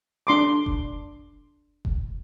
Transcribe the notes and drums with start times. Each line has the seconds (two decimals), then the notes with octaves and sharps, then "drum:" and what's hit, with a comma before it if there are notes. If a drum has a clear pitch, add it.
0.27 D4 C6 D6
0.66 drum: kick F1
1.85 drum: kick F1